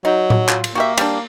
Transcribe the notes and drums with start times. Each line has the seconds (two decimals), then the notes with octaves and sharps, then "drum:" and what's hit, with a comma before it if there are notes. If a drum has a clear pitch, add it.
0.05 F#3 D#4
0.30 drum: tom A2
0.49 F4, drum: clap
0.64 drum: cymbal
0.75 A#3 F#4 G4 E5
0.98 G3 D4, drum: cymbal